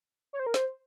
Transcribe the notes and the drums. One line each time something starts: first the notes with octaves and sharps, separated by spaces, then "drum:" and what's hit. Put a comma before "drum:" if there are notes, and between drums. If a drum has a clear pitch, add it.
C#5
C5
A#4
C5, drum: snare